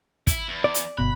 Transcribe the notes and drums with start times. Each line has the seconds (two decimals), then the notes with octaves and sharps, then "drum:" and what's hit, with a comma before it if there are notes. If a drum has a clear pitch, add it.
0.27 E4, drum: kick, hi-hat
0.48 E2
0.64 D5
0.74 drum: hi-hat
0.97 G1 B2 B5 F#6